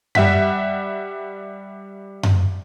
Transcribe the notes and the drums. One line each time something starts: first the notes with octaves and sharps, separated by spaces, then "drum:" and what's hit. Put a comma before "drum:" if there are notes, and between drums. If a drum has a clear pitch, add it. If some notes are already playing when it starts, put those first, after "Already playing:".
G3 E5 F#5 B6, drum: tom F#2
drum: tom F#2